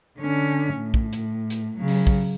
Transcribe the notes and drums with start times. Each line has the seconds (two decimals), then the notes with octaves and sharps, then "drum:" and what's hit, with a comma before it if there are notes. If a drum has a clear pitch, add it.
0.18 D3 C#4
0.75 A2
0.94 drum: kick
1.13 drum: hi-hat
1.50 drum: hi-hat
1.77 C#3 F#3
1.88 drum: open hi-hat
2.07 drum: kick